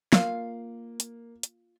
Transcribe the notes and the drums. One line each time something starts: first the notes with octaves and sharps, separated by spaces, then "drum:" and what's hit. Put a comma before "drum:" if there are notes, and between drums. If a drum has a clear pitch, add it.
A#3 F4 F5, drum: snare
drum: hi-hat
drum: hi-hat